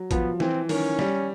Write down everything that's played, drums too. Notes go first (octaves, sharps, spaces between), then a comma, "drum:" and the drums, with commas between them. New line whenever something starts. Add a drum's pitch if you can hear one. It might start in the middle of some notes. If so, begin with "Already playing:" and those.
Already playing: F#3
F3 B3, drum: kick, hi-hat
E3 C4, drum: snare
D#3 C#4, drum: open hi-hat
G3, drum: snare